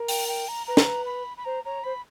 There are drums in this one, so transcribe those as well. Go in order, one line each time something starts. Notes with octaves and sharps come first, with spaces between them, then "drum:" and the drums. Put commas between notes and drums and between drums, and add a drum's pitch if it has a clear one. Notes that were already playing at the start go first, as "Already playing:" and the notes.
Already playing: A#4
G5, drum: open hi-hat
G5
A#5
B4 A#5
drum: snare
B5
B5
C5 A#5
C#5 A#5
C5 B5